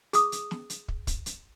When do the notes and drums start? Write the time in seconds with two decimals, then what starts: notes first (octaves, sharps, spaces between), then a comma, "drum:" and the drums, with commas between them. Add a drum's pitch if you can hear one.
0.13 G#4 D#6, drum: hi-hat
0.32 drum: hi-hat
0.51 drum: snare
0.70 drum: hi-hat
0.88 drum: kick
1.07 drum: kick, hi-hat
1.26 drum: hi-hat